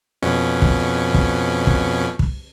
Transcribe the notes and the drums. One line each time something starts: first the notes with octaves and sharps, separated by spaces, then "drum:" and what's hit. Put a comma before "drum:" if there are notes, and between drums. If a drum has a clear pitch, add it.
F2 B2 C#4
drum: kick
drum: kick
drum: kick
drum: kick